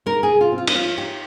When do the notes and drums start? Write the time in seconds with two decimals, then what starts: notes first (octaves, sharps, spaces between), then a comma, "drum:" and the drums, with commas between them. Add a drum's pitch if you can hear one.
0.06 D#4 A#4
0.23 G#4
0.29 C3
0.41 F4
0.52 C4
0.58 F4
0.68 D#4, drum: cymbal
0.75 F3 F4
0.98 D#4 G4